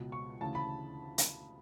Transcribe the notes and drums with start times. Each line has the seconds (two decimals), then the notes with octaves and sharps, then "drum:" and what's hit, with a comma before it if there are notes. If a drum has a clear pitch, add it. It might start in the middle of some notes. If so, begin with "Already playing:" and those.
Already playing: C#2 B2
0.12 C#6
0.41 D2 C#3 E3 A5
0.55 B5
1.18 drum: hi-hat